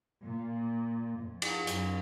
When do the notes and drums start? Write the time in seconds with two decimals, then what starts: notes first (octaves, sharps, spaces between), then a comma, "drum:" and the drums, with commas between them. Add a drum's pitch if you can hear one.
0.23 A#2
1.19 F2
1.42 drum: cymbal
1.67 F#2, drum: hi-hat